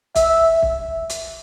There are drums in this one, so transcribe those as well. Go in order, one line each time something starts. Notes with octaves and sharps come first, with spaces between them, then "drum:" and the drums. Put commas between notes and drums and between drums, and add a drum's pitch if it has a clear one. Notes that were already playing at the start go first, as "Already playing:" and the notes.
E5, drum: kick, hi-hat
drum: kick
drum: hi-hat